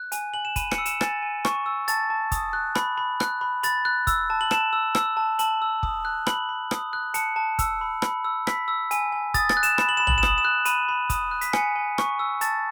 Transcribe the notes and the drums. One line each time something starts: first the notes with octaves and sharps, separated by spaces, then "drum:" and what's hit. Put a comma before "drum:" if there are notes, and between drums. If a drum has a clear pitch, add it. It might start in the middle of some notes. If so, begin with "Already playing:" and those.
Already playing: F#6
G#5, drum: hi-hat
G#5 F#7
E7
B5 D#7, drum: kick, hi-hat
C#7, drum: rim click
E6
E7, drum: hi-hat
G#5 A6, drum: rim click
G#5
C#6, drum: rim click
E6
A5 A6, drum: hi-hat
A5
D#6, drum: kick, hi-hat
F#6
B5, drum: rim click
B5
F#6, drum: rim click
B5
B5 A6, drum: hi-hat
F#6
E6, drum: kick, hi-hat
A5
F#7
A5 E7, drum: rim click
E6
E6, drum: rim click
A5
A5 F#7, drum: hi-hat
E6
D#6, drum: kick
F#6
B5 F#7, drum: rim click
B5
D#6, drum: rim click
F#6
A5 C#7, drum: hi-hat
A5
E6, drum: kick, hi-hat
B5
B5, drum: rim click
E6
B5 B6, drum: rim click
E6
G#5, drum: hi-hat
G#5
D#6 A6, drum: kick, hi-hat
A6, drum: rim click
F#6
E7, drum: hi-hat
B5 E7, drum: rim click
F#7
B5 E7
F#7, drum: tom
E7
D#6, drum: rim click
F#7
E7
F#6
B5 D#7, drum: hi-hat
B5
D#6, drum: kick, hi-hat
F#6
B6, drum: hi-hat
G#5 C#7, drum: rim click
G#5
C#6, drum: rim click
E6
A5 A6, drum: hi-hat